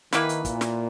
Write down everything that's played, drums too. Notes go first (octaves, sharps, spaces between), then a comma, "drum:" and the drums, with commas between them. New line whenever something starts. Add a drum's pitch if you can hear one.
D#3 E3 A#3 E4 B4, drum: snare
drum: hi-hat
A#2, drum: kick, hi-hat
drum: snare